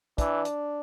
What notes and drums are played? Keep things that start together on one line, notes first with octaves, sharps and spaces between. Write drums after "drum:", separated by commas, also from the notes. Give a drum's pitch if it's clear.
E3 D4, drum: kick, hi-hat
drum: hi-hat